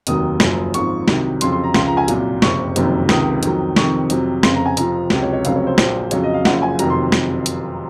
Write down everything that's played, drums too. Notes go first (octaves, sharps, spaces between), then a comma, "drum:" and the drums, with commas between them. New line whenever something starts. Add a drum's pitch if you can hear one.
F1 D#2 D#3 F#3 D#6, drum: hi-hat
F#1 F#2 F3, drum: snare
G#1 G#2 F3 C#6, drum: hi-hat
C2 C3 D#3 F#3, drum: snare
F2 C#3 F#3 C6, drum: hi-hat
C6
A#5
C#2 C#3 F3 C6, drum: snare
A#5
G#5
C2 A#2 F#3, drum: hi-hat
F#1 F2 C3 C#6, drum: snare
F#1 F2 C3 D#3 F#3, drum: hi-hat
C#2 C3 D#3 D#6, drum: snare
F2 D#3 F#3, drum: hi-hat
F2 C3 D#3 C#6, drum: snare
F2 C3 F#3, drum: hi-hat
F1 F2 C#3 C6, drum: snare
A#5
G#5
F2 C3 F3 A#5, drum: hi-hat
C#2 C3 F#3, drum: snare
C#5
C#5
F1 F2 C#3 F#3 F5, drum: hi-hat
C#5
C5
A#1 A#2 F#3 C5, drum: snare
F2 C#3 F#3 C#5, drum: hi-hat
D#5
F5
F#1 F#2 C#3 F3 F#5, drum: snare
G#5
F1 F2 C3 D#3 F#3 A#5, drum: hi-hat
C6
drum: snare
drum: hi-hat